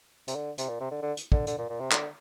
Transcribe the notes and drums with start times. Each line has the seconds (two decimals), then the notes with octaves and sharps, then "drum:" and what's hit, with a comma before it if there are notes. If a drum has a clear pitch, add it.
0.28 C3, drum: hi-hat
0.35 D3
0.58 C3, drum: hi-hat
0.69 A#2
0.80 C3
0.91 D3
1.02 D3
1.17 drum: hi-hat
1.32 D3, drum: kick
1.47 D3, drum: hi-hat
1.58 A#2
1.69 A#2
1.80 C3
1.91 D3, drum: clap